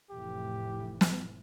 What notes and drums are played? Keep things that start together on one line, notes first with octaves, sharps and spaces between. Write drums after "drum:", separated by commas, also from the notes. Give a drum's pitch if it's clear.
F1 A2 E3 G4
drum: snare